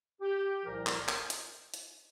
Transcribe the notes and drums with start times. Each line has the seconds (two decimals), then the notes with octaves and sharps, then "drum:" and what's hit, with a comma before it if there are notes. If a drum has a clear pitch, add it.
0.21 G4
0.65 C2 A#2 F3 A#4
0.87 drum: clap
1.08 drum: clap
1.30 drum: hi-hat
1.74 drum: hi-hat